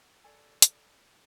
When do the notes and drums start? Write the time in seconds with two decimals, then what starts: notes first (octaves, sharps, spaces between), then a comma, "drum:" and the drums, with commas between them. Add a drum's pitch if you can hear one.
0.24 A4 D5 G#5
0.62 drum: hi-hat